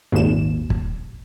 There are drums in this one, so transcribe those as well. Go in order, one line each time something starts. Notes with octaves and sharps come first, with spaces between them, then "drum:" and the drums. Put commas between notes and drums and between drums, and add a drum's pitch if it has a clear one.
G#1 D#2 A#2 E7
drum: kick